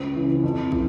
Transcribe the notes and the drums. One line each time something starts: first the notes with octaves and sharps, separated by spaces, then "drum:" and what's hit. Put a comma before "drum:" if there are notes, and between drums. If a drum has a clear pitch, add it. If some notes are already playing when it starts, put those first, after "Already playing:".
Already playing: C#2 C5
C#3 E3
F2
E3, drum: kick